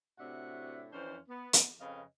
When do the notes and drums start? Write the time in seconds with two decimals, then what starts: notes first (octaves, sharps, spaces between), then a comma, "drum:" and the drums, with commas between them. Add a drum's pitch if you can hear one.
0.19 A2 C3 D4 F#4 E5 F#5
0.91 F2 E3 C#4 D4 C5
1.29 B3
1.53 drum: hi-hat
1.80 F2 C#3 C4 B4 D#5 F5